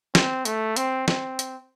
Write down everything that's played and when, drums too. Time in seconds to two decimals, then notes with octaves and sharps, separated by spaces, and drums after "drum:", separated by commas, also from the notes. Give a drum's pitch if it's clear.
0.15 C4, drum: snare
0.45 A3, drum: hi-hat
0.76 C4, drum: hi-hat
1.08 C4, drum: snare
1.39 drum: hi-hat